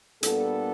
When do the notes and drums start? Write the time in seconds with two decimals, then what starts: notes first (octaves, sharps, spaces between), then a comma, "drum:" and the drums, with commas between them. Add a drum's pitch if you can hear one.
0.23 A#2 G3 B3 D4 A4, drum: hi-hat